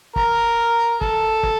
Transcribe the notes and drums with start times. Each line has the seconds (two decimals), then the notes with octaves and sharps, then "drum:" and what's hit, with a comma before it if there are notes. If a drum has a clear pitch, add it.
0.16 A#4, drum: kick
1.01 A4, drum: kick
1.43 drum: kick